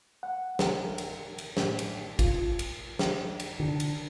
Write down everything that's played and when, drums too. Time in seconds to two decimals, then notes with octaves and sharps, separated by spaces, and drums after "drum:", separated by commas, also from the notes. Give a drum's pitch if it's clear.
0.23 F#5
0.59 A#4, drum: snare
0.98 drum: cymbal
1.38 drum: cymbal
1.57 A2, drum: snare
1.79 drum: cymbal
2.19 F4, drum: kick, cymbal
2.59 drum: cymbal
2.99 drum: snare
3.40 drum: cymbal
3.60 D3
3.80 drum: cymbal